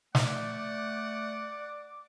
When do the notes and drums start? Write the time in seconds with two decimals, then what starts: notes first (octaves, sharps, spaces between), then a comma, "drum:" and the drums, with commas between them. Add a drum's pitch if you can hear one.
0.15 A3 D5 F#5 D6, drum: snare